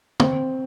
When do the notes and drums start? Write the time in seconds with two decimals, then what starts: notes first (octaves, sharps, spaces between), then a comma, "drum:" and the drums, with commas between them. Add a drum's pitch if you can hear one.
0.20 C4, drum: tom